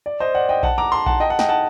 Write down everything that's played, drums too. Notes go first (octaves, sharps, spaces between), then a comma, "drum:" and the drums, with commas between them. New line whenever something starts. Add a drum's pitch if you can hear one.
D5
C5 D#5
D5 F#5
D#5 G5
F#5 A5, drum: kick A#1
A#5 D6
A5 C6
F#5 A5, drum: kick A#1
D#5 G5
F#5 A5
D#5 G5, drum: snare
F#5 A5